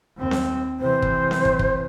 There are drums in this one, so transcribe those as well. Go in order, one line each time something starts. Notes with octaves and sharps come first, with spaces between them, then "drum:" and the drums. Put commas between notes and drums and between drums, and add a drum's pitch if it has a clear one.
D#2 C4
drum: snare C4
C3 E3 C5
drum: kick
drum: snare C4
drum: kick
drum: kick